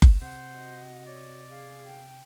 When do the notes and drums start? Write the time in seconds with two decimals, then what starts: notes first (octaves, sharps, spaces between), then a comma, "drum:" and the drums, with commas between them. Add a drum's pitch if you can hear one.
0.02 drum: kick F#1
0.22 C3 C5 F#5
0.53 F#4 D#5
1.07 C#5 D5
1.50 G#4 F5
1.86 G5